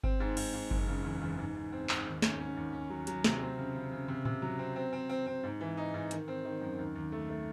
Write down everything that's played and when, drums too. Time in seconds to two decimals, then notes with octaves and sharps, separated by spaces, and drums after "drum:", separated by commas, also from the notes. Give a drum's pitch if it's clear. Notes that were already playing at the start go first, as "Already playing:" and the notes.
0.04 C4, drum: kick G1
0.20 G#2
0.37 G#2, drum: cymbal
0.54 G#2
0.71 F#1, drum: kick G1
0.88 C#3
1.04 E2
1.22 E2
1.38 G#2
1.55 G#2
1.72 C4
1.89 G#2, drum: clap
2.06 D#2
2.22 C#4, drum: snare
2.40 C#4
2.56 D#2
2.73 C#4
2.90 F#3
3.07 F#3, drum: hi-hat
3.24 C3, drum: snare
3.41 C4
3.58 C#3
3.75 C#3
3.92 C#3
4.08 C3
4.25 C3, drum: tom A2
4.42 F#3
4.59 C4
4.76 C4
4.93 C4
5.09 C4
5.26 C4
5.43 G#2
5.61 E3
5.77 D#4
5.94 G#2
6.11 D#3, drum: hi-hat
6.28 C4
6.45 D#3
6.62 F#2
6.78 D#2
6.95 D#2
7.12 A3
7.29 A3